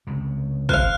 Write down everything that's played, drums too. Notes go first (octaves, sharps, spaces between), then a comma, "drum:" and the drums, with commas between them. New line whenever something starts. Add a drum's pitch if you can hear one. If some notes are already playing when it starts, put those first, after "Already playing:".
C#2 C3
C5 F5 F6 F#6, drum: kick